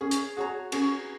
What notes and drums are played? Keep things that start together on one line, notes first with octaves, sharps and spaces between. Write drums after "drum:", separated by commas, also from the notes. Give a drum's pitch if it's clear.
C#4 G#4
drum: hi-hat
F#4 G#4 C#5 A#5
C#4 G#4, drum: cymbal